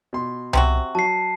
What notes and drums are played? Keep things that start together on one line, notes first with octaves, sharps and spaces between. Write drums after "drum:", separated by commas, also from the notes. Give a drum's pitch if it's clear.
B2 C6
C3 C4 F#4, drum: tom C2
F#3 A5 C7